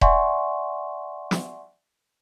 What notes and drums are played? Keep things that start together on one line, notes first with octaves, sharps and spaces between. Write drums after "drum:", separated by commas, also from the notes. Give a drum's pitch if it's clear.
D5 E5 F#5 G#5 C6 C#6, drum: kick E1
drum: snare